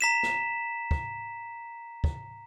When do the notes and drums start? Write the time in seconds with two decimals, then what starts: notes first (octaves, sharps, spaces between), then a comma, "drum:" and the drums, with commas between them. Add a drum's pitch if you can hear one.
0.01 A#5 B6 E7
0.23 drum: snare
0.91 drum: kick
2.04 drum: kick